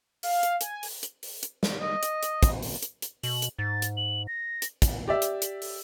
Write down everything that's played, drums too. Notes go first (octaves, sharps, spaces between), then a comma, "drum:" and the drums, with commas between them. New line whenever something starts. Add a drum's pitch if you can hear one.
F5, drum: open hi-hat
drum: hi-hat
G#5, drum: hi-hat
drum: open hi-hat
drum: hi-hat
drum: open hi-hat
drum: hi-hat
drum: snare
D#5
drum: hi-hat
drum: hi-hat
drum: kick, hi-hat
drum: open hi-hat
drum: hi-hat
drum: hi-hat
B2 F#7, drum: open hi-hat
drum: hi-hat
G#2 A6
drum: hi-hat
F#7
A#6
drum: hi-hat
drum: kick, hi-hat
G4 D5 E5
drum: hi-hat
drum: hi-hat
drum: open hi-hat